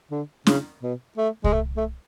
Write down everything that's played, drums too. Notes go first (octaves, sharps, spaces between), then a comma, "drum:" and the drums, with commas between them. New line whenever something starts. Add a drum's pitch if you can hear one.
D3
C#3, drum: snare
B2
A3
G#3, drum: kick C2
A3
A3